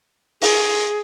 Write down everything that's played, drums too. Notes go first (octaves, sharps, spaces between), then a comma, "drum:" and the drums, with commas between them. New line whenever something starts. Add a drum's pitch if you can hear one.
G#4, drum: open hi-hat